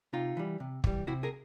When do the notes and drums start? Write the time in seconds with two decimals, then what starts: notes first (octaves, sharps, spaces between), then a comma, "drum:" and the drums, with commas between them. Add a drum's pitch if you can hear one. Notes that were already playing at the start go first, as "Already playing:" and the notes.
0.13 C3 D#4 F4
0.37 E3 G3
0.60 C3
0.84 E3 G3, drum: kick
1.07 C3 E4 F#4
1.23 G#4 A#4